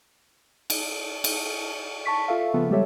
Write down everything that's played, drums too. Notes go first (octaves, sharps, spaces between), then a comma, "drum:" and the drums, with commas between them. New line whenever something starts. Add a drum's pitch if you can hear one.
drum: cymbal
drum: cymbal
A5 C#6 B6
F4 A4 E5 F5
C#3 F3 B3 F4 A4
G3 G#3 G4 A4 C#5 E5